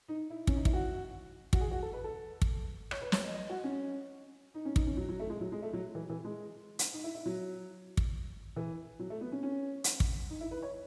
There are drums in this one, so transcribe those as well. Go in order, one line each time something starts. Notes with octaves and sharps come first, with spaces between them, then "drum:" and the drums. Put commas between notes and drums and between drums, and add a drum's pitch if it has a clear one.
D#4
E4
C#4, drum: kick
D#4
E4, drum: kick
F#4
F#4, drum: kick
G#4
F#4
A4
B4
A4
drum: kick
C#5, drum: rim click
B4
C#5, drum: snare
D#5
D#5
F#4
C#4
D#4
C#4
D#4, drum: kick
C#4
F#3
F#3
A3
G#3
F#3
G#3
A3
F#3
E3
E3
G#3
drum: hi-hat
D#4
E4
E4
F#3
drum: kick
E3
F#3
A3
B3
C#4
C#4
drum: hi-hat
drum: kick
D#4
E4
B4
C#5